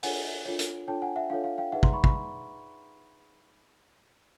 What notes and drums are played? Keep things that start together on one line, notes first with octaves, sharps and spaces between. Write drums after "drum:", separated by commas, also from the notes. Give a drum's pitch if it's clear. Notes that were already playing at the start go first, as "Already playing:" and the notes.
D4 F4 A4 C#5 F#5 G#5, drum: open hi-hat
D4 F4 A4 C#5
drum: hi-hat
D4 F4 A4 C#5 G5 A5
F#5 G#5
E5 F#5
D4 F4 A4 C#5 F5
F5
F5 G5
D#4 G#4 B4 D5 E5 F#5
A#5 C6, drum: kick
B5 C#6
B5 C#6, drum: kick